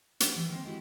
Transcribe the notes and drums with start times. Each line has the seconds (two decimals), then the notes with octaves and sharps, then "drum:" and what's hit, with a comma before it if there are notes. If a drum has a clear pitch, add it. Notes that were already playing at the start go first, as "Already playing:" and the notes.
0.20 G3 B3 C#4 F#4 G4, drum: hi-hat
0.36 E3 G3
0.49 D#3 A#3 C4
0.64 G#3 E4 F#4 G4